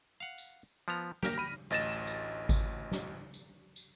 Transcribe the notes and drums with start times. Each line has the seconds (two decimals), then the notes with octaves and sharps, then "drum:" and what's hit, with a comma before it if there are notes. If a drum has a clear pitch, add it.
0.20 F5 F#5
0.38 drum: tambourine
0.88 F3 B3 A#5
1.23 A#3 G4 F6 A#6, drum: snare
1.38 B5 D#7
1.70 A1 D2 D#5 A6 A#6 E7
2.07 drum: tambourine
2.49 drum: kick G#1, tambourine
2.92 drum: snare
3.34 drum: tambourine
3.76 drum: tambourine